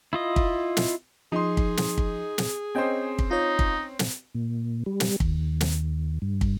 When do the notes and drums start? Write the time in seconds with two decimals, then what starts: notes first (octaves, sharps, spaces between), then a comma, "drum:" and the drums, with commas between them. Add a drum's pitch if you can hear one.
0.13 E4 F4 D#5
0.36 drum: kick
0.77 drum: snare
1.32 F3 D#4 G#4 C6
1.57 drum: kick
1.77 drum: snare
1.98 drum: kick
2.38 drum: snare
2.75 C4 C#4 C5 D#5 G5 G#5
3.19 drum: kick
3.31 D#4 F4 C#5
3.59 drum: kick
3.99 drum: snare
4.35 A#2
4.86 G3
5.00 drum: snare
5.20 D#2, drum: kick
5.61 drum: snare
6.22 G2
6.41 drum: kick